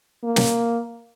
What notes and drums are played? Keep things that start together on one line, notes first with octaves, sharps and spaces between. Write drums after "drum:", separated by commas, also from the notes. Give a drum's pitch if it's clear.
A#3
drum: snare